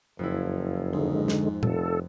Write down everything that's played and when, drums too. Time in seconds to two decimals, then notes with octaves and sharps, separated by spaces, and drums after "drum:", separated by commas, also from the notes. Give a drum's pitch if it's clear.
0.19 F#1 F2 E4
0.93 G#2 D3 G#3
1.28 drum: snare
1.63 F1 A4, drum: tom A#2